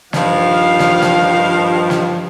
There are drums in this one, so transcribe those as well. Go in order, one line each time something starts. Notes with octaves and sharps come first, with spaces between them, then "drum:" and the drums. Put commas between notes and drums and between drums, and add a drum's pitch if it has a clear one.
G2 D#3 F3 F5, drum: snare
drum: snare
drum: snare
drum: snare